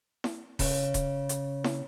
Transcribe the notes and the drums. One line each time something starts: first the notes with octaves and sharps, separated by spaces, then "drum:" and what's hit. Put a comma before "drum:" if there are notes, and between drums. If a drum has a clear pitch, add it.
drum: snare E4
C#3, drum: kick D#1, open hi-hat
drum: kick D#1, hi-hat
drum: hi-hat
drum: snare E4